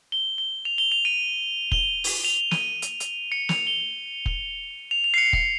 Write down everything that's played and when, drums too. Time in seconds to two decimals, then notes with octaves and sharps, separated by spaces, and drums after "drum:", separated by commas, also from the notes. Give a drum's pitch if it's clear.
0.12 G7
0.38 G7
0.65 F7
0.78 G7
0.92 F7
1.05 D#7
1.72 G7, drum: kick F1
2.04 drum: open hi-hat
2.25 F7
2.51 D#7, drum: snare
2.82 drum: hi-hat
3.00 drum: hi-hat
3.32 C#7
3.49 F7, drum: snare
3.67 G7
4.26 drum: kick F1
4.91 F7
5.04 F7
5.14 C7
5.18 C#7
5.33 drum: kick F1